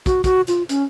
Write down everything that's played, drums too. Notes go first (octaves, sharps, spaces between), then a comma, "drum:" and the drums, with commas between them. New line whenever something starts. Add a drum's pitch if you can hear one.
F#4, drum: kick, hi-hat
F#4, drum: kick, hi-hat
F4, drum: hi-hat
C#4, drum: hi-hat